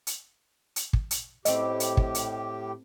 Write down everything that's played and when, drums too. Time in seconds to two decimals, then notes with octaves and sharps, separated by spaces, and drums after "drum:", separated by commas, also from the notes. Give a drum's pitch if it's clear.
0.07 drum: hi-hat
0.76 drum: hi-hat
0.93 drum: kick
1.11 drum: hi-hat
1.45 A2 A3 C4 G4 D#5, drum: hi-hat
1.80 drum: hi-hat
1.97 drum: kick
2.15 drum: hi-hat